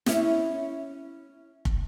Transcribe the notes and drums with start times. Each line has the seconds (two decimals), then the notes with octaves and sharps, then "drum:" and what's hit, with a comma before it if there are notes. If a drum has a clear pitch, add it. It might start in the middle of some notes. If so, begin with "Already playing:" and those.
0.06 C#4 E4 C#5, drum: snare
1.65 drum: kick